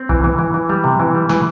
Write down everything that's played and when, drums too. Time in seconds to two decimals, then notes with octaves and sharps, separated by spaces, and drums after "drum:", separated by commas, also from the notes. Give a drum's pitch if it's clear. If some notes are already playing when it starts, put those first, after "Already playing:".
Already playing: C4
0.09 E3, drum: kick B1
0.24 E3
0.39 E3
0.54 E3
0.69 G3
0.84 C3
0.99 E3
1.15 G3
1.29 E3, drum: snare